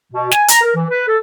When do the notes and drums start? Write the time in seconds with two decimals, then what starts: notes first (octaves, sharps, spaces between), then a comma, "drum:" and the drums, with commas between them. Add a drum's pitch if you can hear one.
0.13 B2
0.31 G#5, drum: snare
0.48 A#5, drum: hi-hat
0.62 A#4
0.75 E3
0.88 B4
1.07 A4